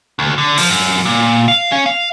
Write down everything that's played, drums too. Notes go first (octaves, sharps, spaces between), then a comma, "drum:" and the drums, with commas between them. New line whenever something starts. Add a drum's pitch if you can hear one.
D2
D3
F3, drum: open hi-hat
F#2
A#2
F5
C#4
F5